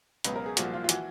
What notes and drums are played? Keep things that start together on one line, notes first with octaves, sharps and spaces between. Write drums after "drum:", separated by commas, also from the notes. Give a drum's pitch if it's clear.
C#2 B2 F#3 B4, drum: hi-hat
A#4
G#4
C2 A#2 F3 F#4, drum: hi-hat
F4
F4
E3 F#4, drum: hi-hat